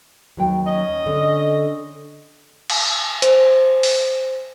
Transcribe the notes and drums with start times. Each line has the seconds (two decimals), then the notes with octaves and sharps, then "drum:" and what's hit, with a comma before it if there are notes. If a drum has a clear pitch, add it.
0.37 D#2 F#3 G5
0.66 C#4 D#5
1.06 D3 A4
2.70 drum: cymbal
3.22 C5, drum: hi-hat
3.83 drum: open hi-hat